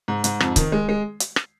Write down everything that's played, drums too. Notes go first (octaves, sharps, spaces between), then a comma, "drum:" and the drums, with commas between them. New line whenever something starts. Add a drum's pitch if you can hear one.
G#2
G#2, drum: hi-hat
F2, drum: rim click
D#3, drum: kick C#1, hi-hat
G#3
G#3
drum: hi-hat
drum: rim click